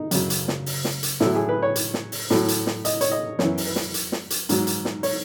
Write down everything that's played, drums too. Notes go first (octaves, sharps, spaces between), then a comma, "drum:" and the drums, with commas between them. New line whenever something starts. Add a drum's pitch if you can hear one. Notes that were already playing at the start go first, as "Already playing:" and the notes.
Already playing: D#4
F#2 C#3 F#3, drum: hi-hat
drum: hi-hat
drum: snare
drum: open hi-hat
drum: snare
drum: hi-hat
A2 F#3 E4, drum: snare
G#4
B4
C#5
drum: hi-hat
drum: snare
drum: open hi-hat
A2 F#3, drum: snare
drum: hi-hat
drum: snare
D#5, drum: hi-hat
C#5, drum: hi-hat
D#5
F#2 E3 C#5, drum: snare
drum: open hi-hat
B4
drum: snare
drum: hi-hat
drum: snare
drum: hi-hat
G#2 F#3, drum: hi-hat
drum: hi-hat
drum: snare
C#5, drum: open hi-hat